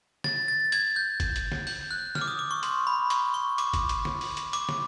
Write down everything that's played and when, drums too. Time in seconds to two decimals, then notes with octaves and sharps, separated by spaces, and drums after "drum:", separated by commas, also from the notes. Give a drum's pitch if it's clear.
0.24 A6, drum: snare
0.48 A6
0.72 G#6, drum: hi-hat
0.96 G6
1.20 drum: kick G1, hi-hat
1.36 drum: hi-hat
1.52 drum: snare
1.67 G6, drum: open hi-hat
1.91 F#6
2.15 F6, drum: snare
2.21 D6
2.27 D#6
2.39 D6
2.51 C#6
2.63 C6, drum: hi-hat
2.87 B5
3.10 C#6, drum: hi-hat
3.34 C#6
3.58 D6, drum: hi-hat
3.73 drum: kick G1, hi-hat
3.89 drum: hi-hat
4.05 drum: snare
4.21 drum: open hi-hat
4.37 drum: hi-hat
4.53 D6, drum: hi-hat
4.69 drum: snare